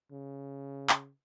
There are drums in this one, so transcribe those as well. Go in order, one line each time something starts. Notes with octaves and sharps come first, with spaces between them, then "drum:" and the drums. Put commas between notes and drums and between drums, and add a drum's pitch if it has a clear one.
C#3
drum: clap